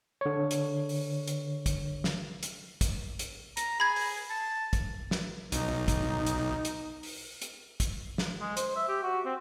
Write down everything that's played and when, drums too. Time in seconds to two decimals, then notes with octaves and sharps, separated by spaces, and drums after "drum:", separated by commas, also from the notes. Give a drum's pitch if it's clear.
0.21 D3 C#5
0.51 drum: hi-hat
0.89 drum: open hi-hat
1.27 drum: hi-hat
1.66 drum: kick, hi-hat
2.04 drum: snare
2.43 drum: hi-hat
2.81 drum: kick, hi-hat
3.19 drum: hi-hat
3.57 A#5, drum: hi-hat
3.80 G#4 B5 G#6
3.96 drum: open hi-hat
4.30 A5
4.73 drum: kick, hi-hat
5.11 drum: snare
5.52 B1 D#4, drum: hi-hat
5.88 drum: kick, hi-hat
6.26 drum: hi-hat
6.65 drum: hi-hat
7.03 drum: open hi-hat
7.42 drum: hi-hat
7.80 drum: kick, hi-hat
8.18 drum: snare
8.40 G#3
8.57 C5, drum: hi-hat
8.76 E5
8.88 G4
9.03 F#4
9.25 C4